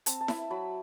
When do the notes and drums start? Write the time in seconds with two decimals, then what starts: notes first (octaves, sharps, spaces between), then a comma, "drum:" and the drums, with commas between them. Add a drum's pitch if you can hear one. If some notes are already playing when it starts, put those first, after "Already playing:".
0.06 C4 A5, drum: hi-hat
0.21 A5
0.28 E4 B5, drum: snare E4
0.50 F#3 B5